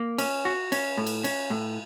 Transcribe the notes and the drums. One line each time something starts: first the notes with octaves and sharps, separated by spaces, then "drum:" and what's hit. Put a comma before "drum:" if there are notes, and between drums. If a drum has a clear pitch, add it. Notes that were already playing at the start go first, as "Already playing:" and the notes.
Already playing: A#3
C#4, drum: cymbal
F#4
C#4, drum: cymbal
A2
drum: cymbal
C#4, drum: cymbal
A2